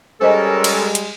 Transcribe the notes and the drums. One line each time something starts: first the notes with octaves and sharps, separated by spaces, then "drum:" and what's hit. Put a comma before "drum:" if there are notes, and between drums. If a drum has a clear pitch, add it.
G3 G#3 C#4 A4 A#4 C5 D#5 G#5
drum: cymbal
drum: hi-hat